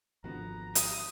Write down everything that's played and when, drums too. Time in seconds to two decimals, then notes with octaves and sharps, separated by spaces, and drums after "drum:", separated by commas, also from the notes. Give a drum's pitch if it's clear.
0.24 G#1 D3 F3 B3 F#4 A#5
0.75 D#6, drum: hi-hat